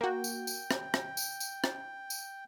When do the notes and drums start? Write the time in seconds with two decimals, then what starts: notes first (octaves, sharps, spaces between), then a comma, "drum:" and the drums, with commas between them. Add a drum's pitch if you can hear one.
0.01 A#3 F#4 G5
0.24 drum: tambourine
0.47 drum: tambourine
0.71 drum: rim click
0.94 drum: rim click
1.17 drum: tambourine
1.40 drum: tambourine
1.64 drum: rim click
2.10 drum: tambourine